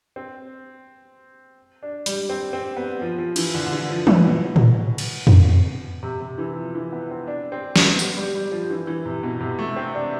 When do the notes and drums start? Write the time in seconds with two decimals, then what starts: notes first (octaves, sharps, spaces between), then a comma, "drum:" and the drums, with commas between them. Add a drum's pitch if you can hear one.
0.16 C4
1.83 D4
2.06 G3, drum: hi-hat
2.29 C4
2.53 C4
2.77 B3
3.01 F3
3.18 F3
3.36 E3, drum: cymbal
3.54 D3
3.66 D3
3.72 E3
3.90 F3
4.07 E3, drum: tom E3
4.25 B2
4.56 drum: tom A2
4.98 drum: cymbal
5.27 drum: tom F2
6.03 C3
6.20 C3
6.38 E3
6.56 F3
6.75 E3
6.93 B3
7.10 C4
7.27 D4
7.52 C4
7.76 B3, drum: snare
7.99 drum: tambourine
8.17 G3
8.34 G3
8.52 F3
8.70 E3
8.87 E3
9.05 C3
9.23 B2
9.40 C3
9.59 A3
9.76 C4
9.95 D4